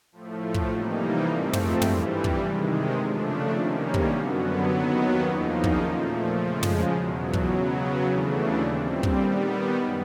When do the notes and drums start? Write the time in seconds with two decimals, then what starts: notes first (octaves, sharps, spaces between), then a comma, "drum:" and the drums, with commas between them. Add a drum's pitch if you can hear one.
0.12 A2 F3 A3
0.54 drum: kick
0.69 C3 E3 G3 A#3 D#4
1.25 G#2 F3 A3 C4
1.53 drum: tom
1.82 G2 E3 G3, drum: tom
2.24 drum: kick
2.39 C3 D#3 G#3
2.95 C#3 F3 A3 D4
3.52 C3 D#3 G3 A#3 C#4
3.94 drum: kick
4.08 F#2 D3 F#3 B3
4.64 D#2 D#3 F#3 B3
5.21 E2 C#3 F3 A#3 D#4
5.64 drum: kick
5.78 A#2 F3 A3
6.35 C#3 F3 G#3
6.63 drum: tom
6.91 E2 B2 F#3
7.33 drum: kick
7.47 C#3 F#3 B3
8.04 D#2 C#3 E3 A3 D4
8.60 A#2 G3 C4
9.03 drum: kick
9.17 D#3 G3 B3
9.74 F#2